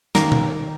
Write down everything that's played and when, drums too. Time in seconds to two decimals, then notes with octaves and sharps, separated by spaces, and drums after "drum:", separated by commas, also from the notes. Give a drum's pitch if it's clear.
0.15 D#3 A#3, drum: snare
0.32 drum: tom B2